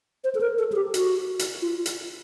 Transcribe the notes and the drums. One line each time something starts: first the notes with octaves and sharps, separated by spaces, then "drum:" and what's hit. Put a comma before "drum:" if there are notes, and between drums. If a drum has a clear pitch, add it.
C5
A4
A#4
A4
G#4
G4
F#4, drum: hi-hat
drum: hi-hat
F4
drum: hi-hat